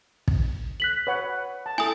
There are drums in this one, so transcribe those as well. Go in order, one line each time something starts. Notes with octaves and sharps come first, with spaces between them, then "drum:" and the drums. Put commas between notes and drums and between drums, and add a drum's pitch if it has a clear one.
drum: kick
F#6 B6 F#7
B4 C#5 F#5
A5
E4 A4 G#5 D#6